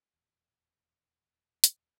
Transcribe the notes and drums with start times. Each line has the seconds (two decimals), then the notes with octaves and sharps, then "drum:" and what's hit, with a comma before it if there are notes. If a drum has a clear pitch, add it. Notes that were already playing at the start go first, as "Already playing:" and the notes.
0.13 D#1 E2 A2
1.64 drum: hi-hat